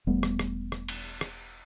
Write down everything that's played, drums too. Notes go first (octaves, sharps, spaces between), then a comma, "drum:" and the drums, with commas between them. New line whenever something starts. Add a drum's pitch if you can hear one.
E1 G3 A3 B3
drum: rim click
drum: rim click
drum: rim click
drum: cymbal
drum: rim click